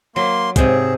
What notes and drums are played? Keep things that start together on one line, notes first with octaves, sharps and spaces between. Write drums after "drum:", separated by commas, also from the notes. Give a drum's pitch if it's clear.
F#3 A#3 C6
G#2 C3 G#4, drum: kick, hi-hat